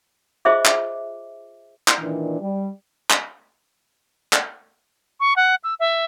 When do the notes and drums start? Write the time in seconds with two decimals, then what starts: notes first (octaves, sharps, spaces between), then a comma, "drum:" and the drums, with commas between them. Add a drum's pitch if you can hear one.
0.45 F4 G#4 C5 D#5 E5 D6
0.65 drum: clap
1.88 drum: clap
1.99 A#2 D#3 E3 D4
2.41 G3
3.10 drum: clap
4.33 drum: clap
5.20 C#6
5.36 F#5
5.64 E6
5.80 E5